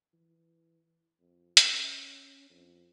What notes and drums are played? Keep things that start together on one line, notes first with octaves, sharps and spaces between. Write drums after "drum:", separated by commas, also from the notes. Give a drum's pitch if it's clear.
E3
F2
C#4, drum: hi-hat
F2